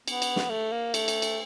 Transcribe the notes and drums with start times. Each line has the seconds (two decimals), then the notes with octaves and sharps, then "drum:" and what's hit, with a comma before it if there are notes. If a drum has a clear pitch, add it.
0.08 B3, drum: cymbal
0.22 drum: cymbal
0.36 drum: snare
0.50 A3
0.72 A#3
0.94 A3, drum: cymbal
1.08 drum: cymbal
1.22 drum: cymbal